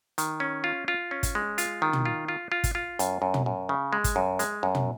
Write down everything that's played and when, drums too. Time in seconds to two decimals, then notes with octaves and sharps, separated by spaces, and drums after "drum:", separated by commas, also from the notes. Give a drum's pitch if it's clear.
0.18 D#3, drum: hi-hat
0.40 C#4
0.64 F4
0.88 F4
1.11 C#4
1.23 drum: kick, hi-hat
1.35 G#3
1.58 F4, drum: hi-hat
1.82 D#3
1.93 drum: tom
2.05 F4
2.28 F4
2.52 F4
2.64 drum: kick, hi-hat
2.75 F4
2.99 F#2, drum: hi-hat
3.22 F#2
3.34 drum: tom
3.46 F#2
3.69 C#3
3.93 G#3
4.04 drum: kick, hi-hat
4.16 F#2
4.39 G#3, drum: hi-hat
4.63 F#2
4.75 drum: tom